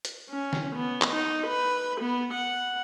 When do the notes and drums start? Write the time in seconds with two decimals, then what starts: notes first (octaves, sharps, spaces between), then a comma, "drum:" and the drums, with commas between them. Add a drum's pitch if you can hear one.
0.05 drum: hi-hat
0.30 C#4
0.53 drum: snare
0.76 B3
1.01 drum: clap
1.11 D#4
1.46 B4
2.01 B3
2.33 F#5